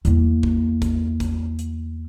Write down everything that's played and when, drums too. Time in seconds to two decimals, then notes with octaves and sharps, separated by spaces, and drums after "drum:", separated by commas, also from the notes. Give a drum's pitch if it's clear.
0.05 E2 A#3, drum: hi-hat
0.43 drum: kick
0.82 drum: kick, hi-hat
1.20 drum: kick, hi-hat
1.59 drum: hi-hat